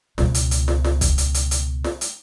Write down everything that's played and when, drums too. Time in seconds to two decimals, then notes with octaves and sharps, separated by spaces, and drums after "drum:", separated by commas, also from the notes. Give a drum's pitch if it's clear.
0.18 C#2 B2, drum: snare
0.34 drum: hi-hat
0.51 drum: hi-hat
0.68 drum: snare
0.84 drum: snare
1.01 drum: kick, hi-hat
1.18 drum: hi-hat
1.34 drum: hi-hat
1.51 drum: hi-hat
1.84 drum: snare
2.01 drum: hi-hat